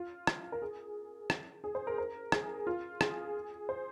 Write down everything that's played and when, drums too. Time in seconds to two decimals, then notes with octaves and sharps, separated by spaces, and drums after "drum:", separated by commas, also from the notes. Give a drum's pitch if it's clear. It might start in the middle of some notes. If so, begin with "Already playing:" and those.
Already playing: F4
0.27 drum: rim click
0.52 A#4
0.62 G#4
1.30 drum: rim click
1.64 G#4
1.75 C5
1.87 A#4
1.98 A#4
2.32 G#4, drum: rim click
2.67 F4
3.01 G#4, drum: rim click
3.69 C5